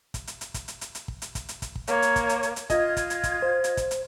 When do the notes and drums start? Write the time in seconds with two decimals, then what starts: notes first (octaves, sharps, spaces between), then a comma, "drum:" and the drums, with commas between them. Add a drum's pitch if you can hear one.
0.14 drum: kick, hi-hat
0.27 drum: hi-hat
0.41 drum: hi-hat
0.54 drum: kick, hi-hat
0.68 drum: hi-hat
0.81 drum: hi-hat
0.95 drum: hi-hat
1.08 drum: kick
1.22 drum: hi-hat
1.35 drum: kick, hi-hat
1.49 drum: hi-hat
1.62 drum: kick, hi-hat
1.75 drum: kick
1.87 A#3 C#5, drum: hi-hat
2.02 drum: hi-hat
2.16 drum: kick, hi-hat
2.29 drum: hi-hat
2.43 drum: hi-hat
2.56 drum: hi-hat
2.70 F4 D#5 G#6, drum: kick, hi-hat
2.97 drum: kick, hi-hat
3.10 drum: hi-hat
3.24 drum: kick, hi-hat
3.42 C5
3.64 drum: hi-hat
3.77 drum: kick, hi-hat
3.91 drum: hi-hat